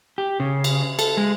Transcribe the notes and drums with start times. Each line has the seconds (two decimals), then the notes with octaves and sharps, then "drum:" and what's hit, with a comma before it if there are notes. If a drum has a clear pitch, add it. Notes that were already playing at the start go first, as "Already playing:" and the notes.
0.18 G4
0.40 C#3
0.64 drum: cymbal
0.99 A4, drum: cymbal
1.17 G#3